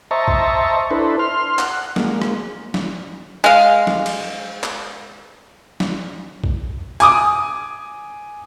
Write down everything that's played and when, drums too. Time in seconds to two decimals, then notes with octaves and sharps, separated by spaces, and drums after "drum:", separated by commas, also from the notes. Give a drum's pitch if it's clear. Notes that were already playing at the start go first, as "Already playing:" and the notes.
0.11 C5 D#5 E5 A5 A#5 C#6
0.28 drum: kick A#1
0.91 D4 E4 A4 B4 C5
1.19 C6 F6
1.59 F#5, drum: clap
1.96 G#3 A#3, drum: snare
2.22 drum: rim click
2.74 drum: snare
3.44 G#3 F5
3.87 drum: snare
4.06 drum: cymbal
4.63 drum: clap
5.80 drum: snare
6.44 drum: kick A#1
7.00 G#5 D6 D#6, drum: hi-hat